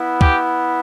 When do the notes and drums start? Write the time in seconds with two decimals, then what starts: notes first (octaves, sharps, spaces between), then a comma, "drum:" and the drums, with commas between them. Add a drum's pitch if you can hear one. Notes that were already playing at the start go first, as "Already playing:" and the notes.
Already playing: B3 E4
0.21 G4, drum: kick